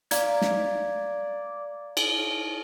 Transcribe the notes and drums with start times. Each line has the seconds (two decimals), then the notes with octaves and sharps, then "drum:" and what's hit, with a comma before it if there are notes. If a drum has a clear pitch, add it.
0.11 D5 F5 A#5 G#6, drum: hi-hat
0.42 drum: snare
1.97 drum: cymbal